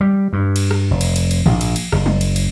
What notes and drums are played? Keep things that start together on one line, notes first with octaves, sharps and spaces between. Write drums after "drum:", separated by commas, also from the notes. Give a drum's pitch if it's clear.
G3
G2
drum: cymbal
drum: rim click
F1
drum: cymbal
drum: cymbal
drum: cymbal
A#1, drum: tom G#2
drum: cymbal
drum: cymbal
F#1, drum: rim click
drum: tom F3
drum: cymbal
drum: cymbal